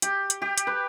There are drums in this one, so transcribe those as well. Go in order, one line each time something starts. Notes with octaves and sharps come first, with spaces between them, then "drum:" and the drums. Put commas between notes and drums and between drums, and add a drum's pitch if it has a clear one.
G4, drum: hi-hat
drum: hi-hat
G4
drum: hi-hat
B4